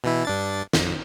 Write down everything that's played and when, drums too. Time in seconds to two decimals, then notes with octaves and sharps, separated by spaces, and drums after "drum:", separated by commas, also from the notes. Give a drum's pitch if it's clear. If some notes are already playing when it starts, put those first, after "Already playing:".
0.04 B2 E3 E4
0.25 G2 D4 A6
0.73 F2, drum: snare